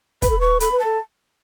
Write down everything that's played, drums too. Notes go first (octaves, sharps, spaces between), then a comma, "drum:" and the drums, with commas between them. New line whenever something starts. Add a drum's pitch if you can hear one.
B4 B5, drum: kick, hi-hat
A4
B4 C#6
A4 B5, drum: hi-hat
B4
A4 A5